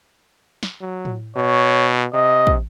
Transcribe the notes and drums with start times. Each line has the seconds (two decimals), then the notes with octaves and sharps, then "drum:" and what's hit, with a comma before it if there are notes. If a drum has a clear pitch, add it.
0.63 drum: snare
0.81 F#3
1.05 drum: tom A2
1.36 B2 C#5
2.13 C3 D#5
2.47 drum: kick